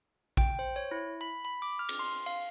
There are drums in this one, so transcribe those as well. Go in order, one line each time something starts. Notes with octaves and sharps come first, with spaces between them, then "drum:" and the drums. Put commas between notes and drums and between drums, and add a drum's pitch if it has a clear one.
G5, drum: kick A#1
C5
C#5
E4
B5
B5
D6
F6
drum: cymbal
C6
F5